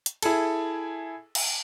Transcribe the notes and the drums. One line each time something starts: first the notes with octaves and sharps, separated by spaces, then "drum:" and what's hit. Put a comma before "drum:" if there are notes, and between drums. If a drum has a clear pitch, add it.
drum: hi-hat
E4 G#4 A4, drum: cymbal
drum: cymbal